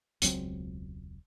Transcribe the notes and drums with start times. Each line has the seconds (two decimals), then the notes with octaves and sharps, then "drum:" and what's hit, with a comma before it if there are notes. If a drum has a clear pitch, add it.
0.22 E1 C#2 F#3 C4, drum: hi-hat